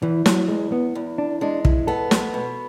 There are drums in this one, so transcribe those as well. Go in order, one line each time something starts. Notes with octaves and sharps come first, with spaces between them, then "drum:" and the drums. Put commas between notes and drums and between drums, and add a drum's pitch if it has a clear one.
E2 E3
F#3, drum: snare
E2 G#3
B3
E2
D4
G#3 D4
E4, drum: kick
B3 A4
drum: snare
B2